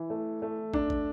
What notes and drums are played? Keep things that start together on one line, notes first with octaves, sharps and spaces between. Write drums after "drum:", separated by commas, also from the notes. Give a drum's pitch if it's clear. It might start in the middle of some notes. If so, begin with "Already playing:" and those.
Already playing: E3
A3
A3
D4, drum: kick
drum: kick